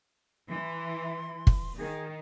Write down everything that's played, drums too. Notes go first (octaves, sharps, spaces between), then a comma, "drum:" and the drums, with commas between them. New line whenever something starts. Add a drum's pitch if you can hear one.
E3 C6
drum: kick
D#3 G#4